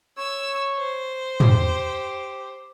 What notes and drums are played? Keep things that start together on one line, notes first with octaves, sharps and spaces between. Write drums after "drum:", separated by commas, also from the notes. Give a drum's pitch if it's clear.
C#5 E6
C5
G4, drum: tom